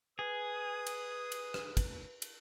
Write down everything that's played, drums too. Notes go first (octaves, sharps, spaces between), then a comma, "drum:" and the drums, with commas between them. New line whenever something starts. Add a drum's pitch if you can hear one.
G#4 B4 D#6
drum: cymbal
drum: cymbal
drum: rim click
drum: kick, cymbal
drum: cymbal